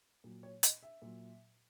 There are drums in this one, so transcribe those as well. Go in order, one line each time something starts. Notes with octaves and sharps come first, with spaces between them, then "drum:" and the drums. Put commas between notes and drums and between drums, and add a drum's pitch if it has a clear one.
A#2 F#3
C#5
D#5, drum: hi-hat
E5
A#2 F#3